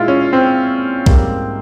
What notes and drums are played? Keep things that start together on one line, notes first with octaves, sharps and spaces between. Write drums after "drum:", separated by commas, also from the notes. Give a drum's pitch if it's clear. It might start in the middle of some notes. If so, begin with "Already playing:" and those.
Already playing: A#2 G#3 E4 F4
C#4
C4
G#2 G3 A#3, drum: kick B1